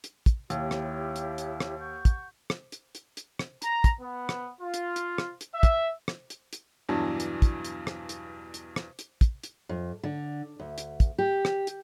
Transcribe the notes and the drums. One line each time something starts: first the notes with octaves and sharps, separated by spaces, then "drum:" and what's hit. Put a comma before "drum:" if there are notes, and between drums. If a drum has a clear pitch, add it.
drum: hi-hat
drum: kick, hi-hat
D#2 E4 G4 C#5, drum: hi-hat
drum: rim click
drum: hi-hat
drum: hi-hat
drum: rim click
F#5 C#6 G6
drum: kick, hi-hat
drum: rim click
drum: hi-hat
drum: hi-hat
drum: hi-hat
drum: rim click
A#5, drum: hi-hat
drum: kick, hi-hat
B3
drum: rim click
F4
drum: hi-hat
drum: hi-hat
drum: rim click
drum: hi-hat
E5
drum: kick, hi-hat
drum: rim click
drum: hi-hat
drum: hi-hat
E2 G2 B2 E3 F#3 D4
drum: hi-hat
drum: kick, hi-hat
drum: hi-hat
drum: rim click
drum: hi-hat
drum: hi-hat
drum: rim click
drum: hi-hat
drum: kick, hi-hat
drum: hi-hat
F2
D3
D2
drum: hi-hat
drum: kick, hi-hat
G4
drum: rim click
drum: hi-hat